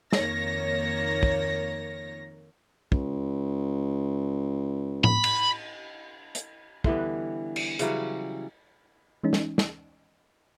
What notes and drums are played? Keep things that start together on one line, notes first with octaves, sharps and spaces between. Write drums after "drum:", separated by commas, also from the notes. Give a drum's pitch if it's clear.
F2 D#3 A#3 C#5 A#6, drum: snare
drum: kick
C#2, drum: kick
B5, drum: tom A2
drum: cymbal
drum: hi-hat
D3 E3 G3 B3, drum: kick
drum: cymbal
C#3 E3 F#3 G3, drum: hi-hat
E3 G#3 C#4 D#4
drum: snare
drum: snare